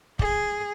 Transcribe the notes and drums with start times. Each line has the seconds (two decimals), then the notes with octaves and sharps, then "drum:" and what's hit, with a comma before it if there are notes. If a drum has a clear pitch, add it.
0.19 G#4, drum: kick